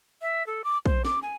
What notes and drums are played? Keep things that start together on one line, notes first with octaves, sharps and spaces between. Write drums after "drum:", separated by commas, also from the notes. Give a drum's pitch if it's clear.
E5
A4
D6
C5, drum: kick
D6, drum: snare
G#5